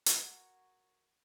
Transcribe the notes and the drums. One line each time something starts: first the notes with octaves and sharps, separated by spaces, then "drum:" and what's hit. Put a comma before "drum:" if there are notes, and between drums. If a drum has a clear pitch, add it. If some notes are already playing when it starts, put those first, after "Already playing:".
F#4 A#4 C#5 F#5, drum: hi-hat